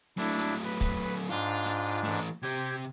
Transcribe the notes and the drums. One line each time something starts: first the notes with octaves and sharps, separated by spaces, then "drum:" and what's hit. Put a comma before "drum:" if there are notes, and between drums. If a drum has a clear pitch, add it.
F#3 A3 D4 E4
drum: hi-hat
B4
drum: kick, hi-hat
G#2 D4 F4
drum: hi-hat
E3 A3
C3 G4 C5 G#6